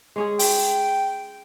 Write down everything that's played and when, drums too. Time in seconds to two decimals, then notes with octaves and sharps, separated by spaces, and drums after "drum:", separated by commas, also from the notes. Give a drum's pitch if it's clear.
0.16 G#3 C#4 G#4
0.39 G5, drum: open hi-hat